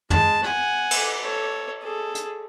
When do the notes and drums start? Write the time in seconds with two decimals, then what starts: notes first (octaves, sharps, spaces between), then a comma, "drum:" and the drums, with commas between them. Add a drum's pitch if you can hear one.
0.10 G#3 A5, drum: tom
0.43 F#5 G#5, drum: rim click
0.91 drum: cymbal
1.22 A4 C#5
1.83 G#4 A4
2.15 drum: hi-hat